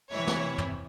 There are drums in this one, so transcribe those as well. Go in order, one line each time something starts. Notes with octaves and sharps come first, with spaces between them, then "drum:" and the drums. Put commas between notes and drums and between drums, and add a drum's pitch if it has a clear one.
C3 E3 E4 C#5
drum: snare
drum: tom